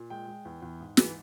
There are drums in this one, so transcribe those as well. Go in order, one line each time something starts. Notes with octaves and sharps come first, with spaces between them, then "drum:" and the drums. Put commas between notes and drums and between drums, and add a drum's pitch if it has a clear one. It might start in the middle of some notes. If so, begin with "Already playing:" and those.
Already playing: A#2
G#3 G5
G#3
E2
E2
G#2
E3, drum: snare